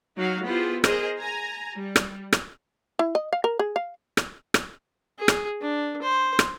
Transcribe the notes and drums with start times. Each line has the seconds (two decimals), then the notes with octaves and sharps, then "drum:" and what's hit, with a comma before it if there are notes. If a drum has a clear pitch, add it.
0.16 F#3 D#4 F#4 F5
0.45 B3 E4 F4 G4 G#4 C5
0.84 G#4 A#4 C5 D#5, drum: rim click
1.19 G#5 A#5
1.75 G3
1.96 drum: rim click
2.33 drum: rim click
2.99 E4
3.15 D#5
3.33 F5
3.44 A#4
3.59 G#4
3.76 F5
4.17 drum: rim click
4.54 drum: rim click
5.18 G#4
5.28 drum: rim click
5.61 D4
6.02 C5
6.39 drum: rim click